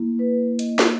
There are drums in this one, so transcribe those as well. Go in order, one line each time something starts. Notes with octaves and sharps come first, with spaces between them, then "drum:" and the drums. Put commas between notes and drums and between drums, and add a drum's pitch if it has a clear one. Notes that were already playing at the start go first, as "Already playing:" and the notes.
Already playing: A#3 E4
B4
D#5, drum: hi-hat
drum: snare